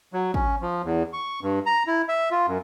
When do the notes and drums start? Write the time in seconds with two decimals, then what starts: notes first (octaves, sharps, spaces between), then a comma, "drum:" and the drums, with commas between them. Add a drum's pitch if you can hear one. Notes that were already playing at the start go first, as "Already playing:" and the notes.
0.13 F#3
0.34 C#4, drum: kick
0.61 F3
0.85 E2
1.13 C#6
1.42 G2
1.66 A#5
1.87 E4
2.09 E5
2.31 F4
2.47 F#2